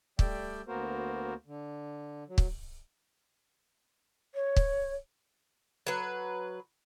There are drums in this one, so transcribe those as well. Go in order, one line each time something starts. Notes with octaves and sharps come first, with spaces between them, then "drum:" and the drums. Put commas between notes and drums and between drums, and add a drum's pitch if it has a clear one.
G3 A3 D5 E5 G5, drum: kick
D2 A#3 B3 F#4 A#4 C5
D3
F#3
drum: kick
C#5
drum: kick
F#3 B4